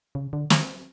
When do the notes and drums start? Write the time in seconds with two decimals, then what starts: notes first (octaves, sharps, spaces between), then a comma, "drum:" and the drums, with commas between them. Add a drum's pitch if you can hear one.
0.15 C#3
0.33 D3
0.50 drum: snare